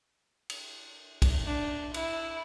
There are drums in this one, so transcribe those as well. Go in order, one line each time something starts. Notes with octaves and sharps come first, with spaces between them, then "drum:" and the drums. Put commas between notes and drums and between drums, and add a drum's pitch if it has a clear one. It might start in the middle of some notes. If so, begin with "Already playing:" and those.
drum: cymbal
drum: kick, cymbal
D4
E4, drum: cymbal